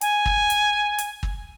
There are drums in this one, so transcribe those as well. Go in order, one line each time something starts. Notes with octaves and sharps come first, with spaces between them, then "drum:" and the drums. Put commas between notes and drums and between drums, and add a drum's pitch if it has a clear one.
G#5, drum: hi-hat
drum: kick
drum: hi-hat
drum: hi-hat
drum: kick